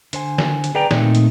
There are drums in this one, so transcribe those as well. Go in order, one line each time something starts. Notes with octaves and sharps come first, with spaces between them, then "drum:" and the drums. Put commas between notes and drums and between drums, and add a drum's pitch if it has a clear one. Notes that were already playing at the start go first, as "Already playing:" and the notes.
D3 C5 G#5, drum: hi-hat
drum: snare
drum: hi-hat
G#4 B4 D5 G5 A#5
A#2 A3 C4 D#4, drum: snare
drum: hi-hat